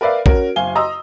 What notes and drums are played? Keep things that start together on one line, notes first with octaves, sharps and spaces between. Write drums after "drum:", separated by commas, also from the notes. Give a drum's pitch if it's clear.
A#4 B4 D5 E5 F5
C#4 F#4 A#4, drum: kick
F#1 F5 G#5 G7
D#5 A#5 C6 D#6 E6